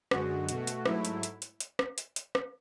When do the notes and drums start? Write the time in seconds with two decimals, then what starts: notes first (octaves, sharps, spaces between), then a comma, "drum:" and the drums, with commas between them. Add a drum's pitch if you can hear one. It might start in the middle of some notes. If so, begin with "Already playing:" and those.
0.11 F#2 D3 G#3 F#4, drum: rim click
0.49 B2 A3 F#4, drum: hi-hat
0.67 drum: hi-hat
0.86 G#2 F#3 A3 E4, drum: rim click
1.05 drum: hi-hat
1.23 drum: hi-hat
1.42 drum: hi-hat
1.60 drum: hi-hat
1.79 drum: rim click
1.98 drum: hi-hat
2.16 drum: hi-hat
2.35 drum: rim click